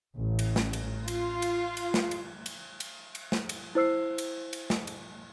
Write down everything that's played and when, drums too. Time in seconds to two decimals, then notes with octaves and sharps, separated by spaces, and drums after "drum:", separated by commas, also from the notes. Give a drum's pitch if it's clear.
0.18 A1
0.39 drum: cymbal
0.56 drum: snare
0.73 drum: cymbal
1.08 F4, drum: cymbal
1.42 drum: cymbal
1.77 drum: cymbal
1.94 drum: snare
2.11 drum: cymbal
2.46 drum: cymbal
2.80 drum: cymbal
3.15 drum: cymbal
3.32 drum: snare
3.49 drum: cymbal
3.75 E4 C5 E6 C7
4.18 drum: cymbal
4.53 drum: cymbal
4.70 drum: snare
4.87 drum: cymbal